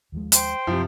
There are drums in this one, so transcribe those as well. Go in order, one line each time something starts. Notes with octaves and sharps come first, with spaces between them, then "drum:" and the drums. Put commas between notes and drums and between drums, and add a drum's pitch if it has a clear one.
D#2 F3 G#3
C5 G5, drum: hi-hat
F#2 C3 F3